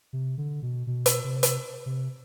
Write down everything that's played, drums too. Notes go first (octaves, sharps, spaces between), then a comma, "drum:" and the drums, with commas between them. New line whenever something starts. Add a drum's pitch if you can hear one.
C3
D3
B2
B2
drum: hi-hat
C3
drum: hi-hat
C3